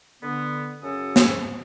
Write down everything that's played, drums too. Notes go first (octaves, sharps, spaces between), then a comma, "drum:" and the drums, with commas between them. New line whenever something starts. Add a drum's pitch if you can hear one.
D3 B3
F#2 C#3 C#4 F#4 A4 D#6
drum: snare